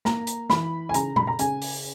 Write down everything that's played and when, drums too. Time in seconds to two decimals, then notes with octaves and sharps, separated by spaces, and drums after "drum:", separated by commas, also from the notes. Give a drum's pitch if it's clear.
0.05 A#3 A#5, drum: snare
0.27 drum: hi-hat
0.50 E3 B5, drum: snare
0.89 G#5
0.94 C#3 A#5, drum: hi-hat
1.16 B5, drum: tom A#2
1.27 A#5
1.39 C#3 G#5, drum: hi-hat
1.62 drum: open hi-hat